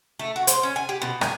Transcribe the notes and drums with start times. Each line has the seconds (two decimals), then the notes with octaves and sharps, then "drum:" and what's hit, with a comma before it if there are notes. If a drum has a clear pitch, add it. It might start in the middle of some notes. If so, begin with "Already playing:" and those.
0.19 A3
0.36 F#4
0.47 C5, drum: hi-hat
0.63 C#4
0.76 G#5
0.89 G4
1.02 B2
1.21 G#5, drum: rim click